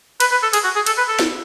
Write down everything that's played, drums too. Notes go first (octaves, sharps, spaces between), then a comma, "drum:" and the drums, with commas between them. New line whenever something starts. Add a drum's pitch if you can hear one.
B4, drum: cymbal
B4
A4
G#4, drum: cymbal
F#4
G#4
A4, drum: cymbal
B4
A4
drum: snare